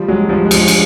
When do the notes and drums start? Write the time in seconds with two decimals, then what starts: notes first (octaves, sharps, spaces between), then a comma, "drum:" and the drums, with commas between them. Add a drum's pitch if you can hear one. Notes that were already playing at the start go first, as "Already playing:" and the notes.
Already playing: F3 G3
0.08 F#3 G#3
0.29 F3 G3
0.45 G#3
0.51 F3 G3, drum: cymbal
0.68 drum: cymbal